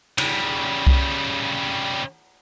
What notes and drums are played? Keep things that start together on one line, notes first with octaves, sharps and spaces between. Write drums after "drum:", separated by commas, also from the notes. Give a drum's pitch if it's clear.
C#3 G3, drum: cymbal
drum: kick C2